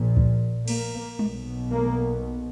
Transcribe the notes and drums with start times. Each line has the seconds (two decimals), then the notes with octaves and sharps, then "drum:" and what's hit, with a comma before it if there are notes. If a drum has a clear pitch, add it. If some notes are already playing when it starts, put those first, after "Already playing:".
Already playing: A#1 A#2
0.17 drum: kick C#2
0.68 A#3, drum: cymbal
1.19 B1 B2, drum: tom G3
1.72 A#3